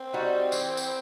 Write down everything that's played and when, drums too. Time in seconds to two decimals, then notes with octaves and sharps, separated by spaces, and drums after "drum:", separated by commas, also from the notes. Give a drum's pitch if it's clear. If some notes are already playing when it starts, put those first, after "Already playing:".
Already playing: C4
0.13 G3 D#4 F#4
0.52 E3, drum: tambourine
0.77 drum: tambourine